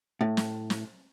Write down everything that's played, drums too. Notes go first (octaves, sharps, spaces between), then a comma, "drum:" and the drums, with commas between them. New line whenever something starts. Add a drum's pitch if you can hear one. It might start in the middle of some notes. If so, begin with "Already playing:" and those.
A2
drum: snare
drum: snare